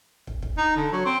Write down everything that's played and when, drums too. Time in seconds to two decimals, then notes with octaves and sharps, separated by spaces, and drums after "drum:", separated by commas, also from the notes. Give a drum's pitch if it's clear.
0.27 drum: kick
0.42 drum: kick
0.58 D#4
0.77 D3
0.92 F#3
1.06 C4